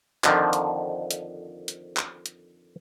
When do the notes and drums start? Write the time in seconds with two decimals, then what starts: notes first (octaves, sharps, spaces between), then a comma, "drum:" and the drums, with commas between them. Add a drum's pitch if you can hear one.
0.24 F2 D3 D#3 F3, drum: clap
0.53 drum: hi-hat
1.11 drum: hi-hat
1.68 drum: hi-hat
1.97 drum: clap
2.26 drum: hi-hat